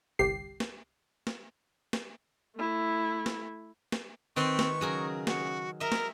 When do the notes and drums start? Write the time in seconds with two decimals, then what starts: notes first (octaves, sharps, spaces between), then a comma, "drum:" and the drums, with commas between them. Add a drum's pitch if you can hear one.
0.19 G1 C2 G4 C7
0.60 drum: snare
1.27 drum: snare
1.93 drum: snare
2.56 A3 E4
3.26 drum: snare
3.92 drum: snare
4.36 D#3 C4 B4 C6 C#6
4.59 drum: snare
4.81 C#3 F#3 G#4 A#4
5.27 F#4, drum: snare
5.80 A#4 D#5 E5
5.92 drum: snare